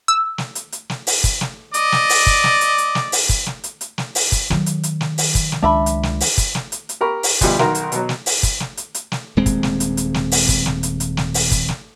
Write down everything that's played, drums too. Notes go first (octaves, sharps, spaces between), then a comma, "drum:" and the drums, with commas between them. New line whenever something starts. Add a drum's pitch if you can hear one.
E6
drum: snare
drum: hi-hat
drum: hi-hat
drum: snare
drum: open hi-hat
drum: kick, hi-hat
drum: snare
D5 D#5, drum: hi-hat
drum: snare
drum: open hi-hat
drum: kick
drum: snare
drum: hi-hat
drum: hi-hat
drum: snare
drum: open hi-hat
drum: kick, hi-hat
drum: snare
drum: hi-hat
drum: hi-hat
drum: snare
drum: open hi-hat
drum: kick, hi-hat
D#3 F#3, drum: snare
drum: hi-hat
drum: hi-hat
drum: snare
drum: open hi-hat
drum: kick, hi-hat
drum: snare
C#2 G#3 D4 E5 B5
drum: hi-hat
drum: snare
drum: open hi-hat
drum: kick, hi-hat
drum: snare
drum: hi-hat
drum: hi-hat
G4 A#4 B5 C#6
drum: open hi-hat
D2 B2 F3 G3, drum: kick, hi-hat
B1 D#3 F#4 A#4 C6, drum: snare
drum: hi-hat
B2 F#3, drum: hi-hat
drum: snare
drum: open hi-hat
drum: kick, hi-hat
drum: snare
drum: hi-hat
drum: hi-hat
drum: snare
D#1 G#3 C4
drum: kick, hi-hat
drum: snare
drum: hi-hat
drum: hi-hat
drum: snare
drum: open hi-hat
drum: kick, hi-hat
drum: snare
drum: hi-hat
drum: hi-hat
drum: snare
drum: open hi-hat
drum: kick, hi-hat
drum: snare